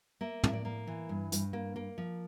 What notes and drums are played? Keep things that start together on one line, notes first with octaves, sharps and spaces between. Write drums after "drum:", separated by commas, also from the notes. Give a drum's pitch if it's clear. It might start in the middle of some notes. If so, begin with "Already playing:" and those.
A#3 E5
A2 E5, drum: tom
D5
A#3
E3
G2
G2, drum: hi-hat
A#3
A#3
F3